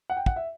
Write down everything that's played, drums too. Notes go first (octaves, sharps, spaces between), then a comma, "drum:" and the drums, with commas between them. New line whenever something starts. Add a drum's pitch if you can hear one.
F#5
G5
F#5, drum: kick
E5